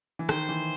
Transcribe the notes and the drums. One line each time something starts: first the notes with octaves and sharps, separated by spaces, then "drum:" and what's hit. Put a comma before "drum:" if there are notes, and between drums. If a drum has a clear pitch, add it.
E3
D#3 C5, drum: rim click
E3